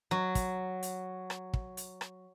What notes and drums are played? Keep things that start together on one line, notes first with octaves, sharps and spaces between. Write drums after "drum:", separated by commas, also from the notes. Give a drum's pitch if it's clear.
F#3
drum: kick, hi-hat
drum: hi-hat
drum: rim click
drum: kick
drum: hi-hat
drum: rim click